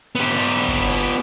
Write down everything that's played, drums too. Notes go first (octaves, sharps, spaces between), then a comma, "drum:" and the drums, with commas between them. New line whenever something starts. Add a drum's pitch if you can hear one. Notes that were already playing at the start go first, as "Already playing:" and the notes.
B3 G4, drum: hi-hat
drum: kick
drum: open hi-hat